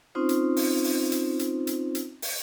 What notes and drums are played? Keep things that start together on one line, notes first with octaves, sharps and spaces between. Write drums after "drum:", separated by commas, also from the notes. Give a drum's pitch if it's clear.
C4 C#4 D#4 F4 C5
drum: hi-hat
drum: open hi-hat
drum: open hi-hat
drum: hi-hat
drum: hi-hat
drum: hi-hat
drum: hi-hat
drum: open hi-hat